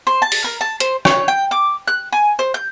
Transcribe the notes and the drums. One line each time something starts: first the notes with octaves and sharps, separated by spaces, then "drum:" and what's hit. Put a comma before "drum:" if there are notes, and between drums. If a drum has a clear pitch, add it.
C5
A5
drum: open hi-hat
A#4
A5
C5, drum: hi-hat
C#5, drum: rim click
G5
D6
F#6
G#5
C5
G6